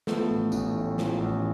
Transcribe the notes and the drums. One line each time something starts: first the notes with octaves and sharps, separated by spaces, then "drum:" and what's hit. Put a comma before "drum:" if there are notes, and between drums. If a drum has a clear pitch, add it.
F3 A3 B3, drum: snare
A1
A1, drum: tambourine
A2
F3, drum: snare
A1